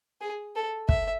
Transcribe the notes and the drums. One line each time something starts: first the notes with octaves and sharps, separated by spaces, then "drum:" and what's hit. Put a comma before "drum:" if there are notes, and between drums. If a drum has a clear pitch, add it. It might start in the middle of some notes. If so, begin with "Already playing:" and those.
G#4
A4
E5, drum: kick